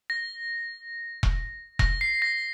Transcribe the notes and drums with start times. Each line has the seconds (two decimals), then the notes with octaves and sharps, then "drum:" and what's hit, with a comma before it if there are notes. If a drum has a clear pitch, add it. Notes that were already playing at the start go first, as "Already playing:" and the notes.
0.10 A#6
1.23 drum: kick E1
1.79 A#6, drum: kick E1
2.01 C7
2.22 A#6